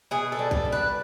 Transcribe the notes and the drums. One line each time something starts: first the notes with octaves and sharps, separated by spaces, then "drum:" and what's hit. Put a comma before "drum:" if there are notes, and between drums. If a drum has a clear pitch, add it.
B2 G#4
A4
G3
A4, drum: kick
D4
B4